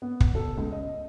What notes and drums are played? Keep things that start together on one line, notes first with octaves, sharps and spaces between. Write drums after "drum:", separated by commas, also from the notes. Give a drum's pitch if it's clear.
B3
drum: kick
A4
C#2
D#5